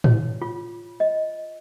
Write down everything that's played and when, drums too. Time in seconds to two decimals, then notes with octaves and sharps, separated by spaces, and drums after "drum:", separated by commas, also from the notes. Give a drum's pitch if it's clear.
0.04 C#5, drum: tom G#2
0.42 F4
1.00 D#5